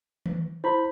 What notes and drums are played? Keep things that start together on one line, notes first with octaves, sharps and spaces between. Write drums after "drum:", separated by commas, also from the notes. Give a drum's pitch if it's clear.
drum: tom D#3
E4 C5 B5